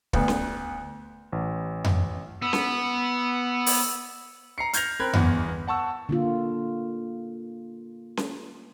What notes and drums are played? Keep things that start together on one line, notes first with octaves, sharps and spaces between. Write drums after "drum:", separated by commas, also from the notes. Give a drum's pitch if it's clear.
D2 B3, drum: kick
drum: snare C#4
A1
drum: tom F2
B3 E6
drum: snare C#4
drum: open hi-hat
A#5 C7 C#7
F6 G6 G#6 A#6 F7, drum: hi-hat
C4 A#4 B5 F#6 G#6
G1 E2 B3, drum: tom F2
F#5 A5 C#6 E6
D3 A#3 F4
drum: snare C#4